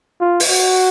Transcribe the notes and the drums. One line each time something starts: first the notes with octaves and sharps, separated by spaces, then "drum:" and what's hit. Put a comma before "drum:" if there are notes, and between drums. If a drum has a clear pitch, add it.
F4
drum: open hi-hat
F#4